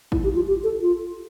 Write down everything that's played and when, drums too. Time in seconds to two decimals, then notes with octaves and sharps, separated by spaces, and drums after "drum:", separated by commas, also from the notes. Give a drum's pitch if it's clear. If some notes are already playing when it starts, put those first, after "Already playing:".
0.12 E4, drum: kick
0.24 G4
0.35 F4
0.47 G4
0.64 A4
0.81 F4